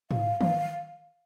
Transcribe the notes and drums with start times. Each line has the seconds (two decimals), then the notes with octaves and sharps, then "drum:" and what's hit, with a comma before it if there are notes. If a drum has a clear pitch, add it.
0.11 F5, drum: tom G#2
0.41 F5, drum: tom D#3